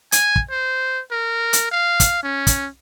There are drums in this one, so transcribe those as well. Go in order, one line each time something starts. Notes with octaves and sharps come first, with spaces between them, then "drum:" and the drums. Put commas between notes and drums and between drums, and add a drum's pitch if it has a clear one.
G#5, drum: hi-hat
drum: kick
C5
A#4
drum: hi-hat
F5
drum: kick, hi-hat
C#4
drum: kick, hi-hat